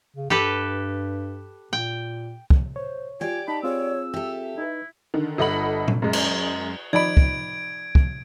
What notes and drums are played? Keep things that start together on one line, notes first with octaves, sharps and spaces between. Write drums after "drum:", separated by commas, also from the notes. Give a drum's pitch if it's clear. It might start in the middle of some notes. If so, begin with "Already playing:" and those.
C#3
G2 G4 A4 B4
A#2 G5
drum: kick
C5 C#5
F4 G4 D5 G#5
D#4 A5 B5
C4 F4 G#4 C#5 E6
G4 A4 E5
D#4 E4 B4
D3 D#3
G1 A4 D#5 F#5 B5 F#7
drum: tom A#2
F#2 G#3
drum: cymbal
F3 D#4 D5 B5 G#6 D7
drum: kick
drum: kick